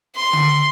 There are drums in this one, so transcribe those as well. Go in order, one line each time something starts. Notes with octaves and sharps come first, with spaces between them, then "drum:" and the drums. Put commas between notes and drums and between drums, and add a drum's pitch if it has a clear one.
C6
drum: tom D3